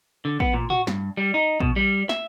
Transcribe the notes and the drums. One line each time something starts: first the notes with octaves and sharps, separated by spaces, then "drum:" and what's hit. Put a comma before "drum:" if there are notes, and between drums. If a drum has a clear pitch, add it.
D3
B3, drum: kick
A#2
F#4, drum: tom
G2, drum: snare
G3
D#4
B2, drum: kick
G3
E5, drum: snare